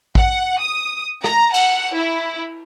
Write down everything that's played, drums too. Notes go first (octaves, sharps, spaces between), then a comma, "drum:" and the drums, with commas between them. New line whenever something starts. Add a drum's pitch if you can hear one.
F#5, drum: kick A1
D#6
A#5, drum: rim click
F#5, drum: cymbal
E4